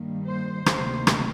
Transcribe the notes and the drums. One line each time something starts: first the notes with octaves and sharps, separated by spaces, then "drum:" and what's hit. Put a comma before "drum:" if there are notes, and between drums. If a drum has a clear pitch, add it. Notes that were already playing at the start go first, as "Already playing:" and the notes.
Already playing: G2 D#3 G3 A#3
C5
D2 C3 D#3 A#3 C5, drum: rim click
drum: rim click